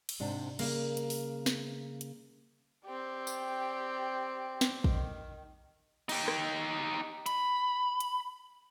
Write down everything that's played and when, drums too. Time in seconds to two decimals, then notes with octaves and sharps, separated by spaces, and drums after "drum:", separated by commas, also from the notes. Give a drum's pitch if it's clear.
0.09 drum: cymbal
0.20 G#2 C3 D4
0.59 C#3 G3 A#3, drum: cymbal
0.97 drum: hi-hat
1.10 drum: open hi-hat
1.46 drum: snare
2.01 drum: hi-hat
2.86 C4 G4 D5
3.27 drum: tambourine
4.61 drum: snare
4.84 D#3, drum: kick
6.09 D#4 G4, drum: cymbal
6.28 drum: rim click
7.26 B5, drum: hi-hat
8.00 drum: hi-hat